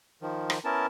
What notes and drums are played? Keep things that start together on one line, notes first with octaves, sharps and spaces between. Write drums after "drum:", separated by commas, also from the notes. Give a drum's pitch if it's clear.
D#3 F3
drum: rim click
B3 C#4 E4 A#4 A5